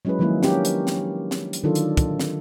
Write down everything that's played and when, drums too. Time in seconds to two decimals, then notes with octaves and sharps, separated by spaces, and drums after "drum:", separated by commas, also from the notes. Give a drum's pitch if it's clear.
0.05 F#3 G#3 C#4 E4 G#4 B4
0.19 D#3 F3 F#3 G#3 A#3 E4
0.43 C#4 D4 G4 A#4, drum: snare
0.65 drum: hi-hat
0.87 drum: snare
1.31 drum: snare
1.53 drum: hi-hat
1.63 D3 D#3 F#3 D4 F4 A4
1.75 drum: hi-hat
1.97 drum: kick, hi-hat
2.20 drum: snare